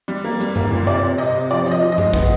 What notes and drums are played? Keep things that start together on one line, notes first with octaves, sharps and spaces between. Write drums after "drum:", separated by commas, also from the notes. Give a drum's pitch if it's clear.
G3
A#3
G3, drum: hi-hat
A#3, drum: tom F#2
A#2
C3 D5
C3
C3 D#5
C3
F3 D5
F3, drum: hi-hat
D#5
F3
D#5
G#3, drum: tom F#2
B3, drum: kick